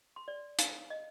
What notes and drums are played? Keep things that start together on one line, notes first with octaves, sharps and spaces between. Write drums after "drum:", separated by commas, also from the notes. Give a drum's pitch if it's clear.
C6
D5
F5, drum: hi-hat
D#5